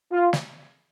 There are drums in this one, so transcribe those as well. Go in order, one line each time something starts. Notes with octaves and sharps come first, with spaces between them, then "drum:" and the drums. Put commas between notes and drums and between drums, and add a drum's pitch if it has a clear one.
F4
drum: snare